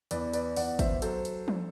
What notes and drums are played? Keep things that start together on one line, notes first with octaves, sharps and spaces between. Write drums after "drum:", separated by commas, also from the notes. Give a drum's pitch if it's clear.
E2 B4 D5, drum: hi-hat
B4 D5, drum: hi-hat
E2 D5 F#5, drum: open hi-hat
C5 E5, drum: kick, hi-hat
F#3 A4 C5, drum: hi-hat
drum: hi-hat
drum: tom F3